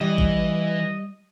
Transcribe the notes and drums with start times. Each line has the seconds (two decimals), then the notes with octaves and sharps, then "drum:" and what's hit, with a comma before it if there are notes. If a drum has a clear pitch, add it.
0.01 E3 G3 D#5
0.18 drum: kick G#1